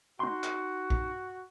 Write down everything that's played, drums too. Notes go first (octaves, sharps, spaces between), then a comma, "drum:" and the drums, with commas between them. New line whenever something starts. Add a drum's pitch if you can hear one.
D#4 F#4 C6
drum: clap
drum: kick